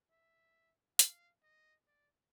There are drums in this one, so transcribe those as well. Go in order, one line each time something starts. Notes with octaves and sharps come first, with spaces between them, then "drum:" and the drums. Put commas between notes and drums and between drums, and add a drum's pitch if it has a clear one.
E5
F5, drum: hi-hat
D#5
D5